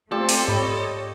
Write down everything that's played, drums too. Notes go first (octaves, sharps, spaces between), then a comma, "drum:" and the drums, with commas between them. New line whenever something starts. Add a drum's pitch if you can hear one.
A3 C4 F4 G4 A4 D5
drum: open hi-hat
G#2 C#5 D#5 B5